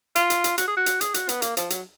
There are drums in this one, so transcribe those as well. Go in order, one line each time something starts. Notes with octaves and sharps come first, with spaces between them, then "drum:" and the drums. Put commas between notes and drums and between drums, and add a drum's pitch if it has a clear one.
F4, drum: hi-hat
drum: hi-hat
drum: hi-hat
F#4, drum: hi-hat
G#4
F#4
drum: hi-hat
G#4, drum: hi-hat
F#4, drum: hi-hat
B3, drum: hi-hat
A#3, drum: hi-hat
F3, drum: hi-hat
F#3, drum: hi-hat